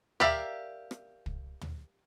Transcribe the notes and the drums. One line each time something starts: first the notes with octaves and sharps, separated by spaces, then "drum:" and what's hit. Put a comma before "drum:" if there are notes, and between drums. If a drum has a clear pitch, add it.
G4 A#4 D5 E5 F5, drum: tom
drum: rim click
drum: kick
drum: tom